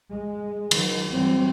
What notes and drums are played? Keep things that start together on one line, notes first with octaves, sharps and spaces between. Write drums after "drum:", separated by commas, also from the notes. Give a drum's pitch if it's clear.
G#3
D#3 F#3, drum: cymbal
E3 F#3 G3 C4